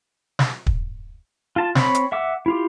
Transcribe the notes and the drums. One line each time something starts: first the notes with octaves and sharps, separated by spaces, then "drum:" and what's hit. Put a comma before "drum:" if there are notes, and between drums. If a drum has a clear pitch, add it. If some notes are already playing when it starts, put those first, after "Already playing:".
drum: snare
drum: kick
F4 A5
C4 C#5 B5, drum: snare
drum: hi-hat
E5 F#5 D6 E6
E4 F4 G4